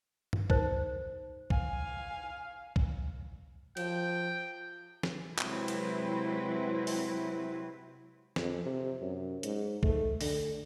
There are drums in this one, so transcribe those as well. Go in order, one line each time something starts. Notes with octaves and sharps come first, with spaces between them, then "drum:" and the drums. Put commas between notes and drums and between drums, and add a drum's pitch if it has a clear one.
drum: tom G2
D#4 C5, drum: kick B1
F5 G#5, drum: kick B1
drum: kick B1
F3 G5, drum: cymbal
drum: snare
C3 F#3 G#3 C4 E4 B4, drum: clap
drum: cymbal
drum: open hi-hat
F2, drum: snare
C3
F#2
G#2, drum: hi-hat
A3, drum: kick B1
D3, drum: open hi-hat